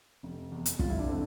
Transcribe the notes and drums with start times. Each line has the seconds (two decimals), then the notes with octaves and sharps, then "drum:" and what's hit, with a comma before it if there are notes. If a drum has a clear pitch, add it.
0.23 F1
0.52 E2
0.66 drum: hi-hat
0.79 F1 F4, drum: kick
0.90 E4
0.99 D4
1.08 D3 C4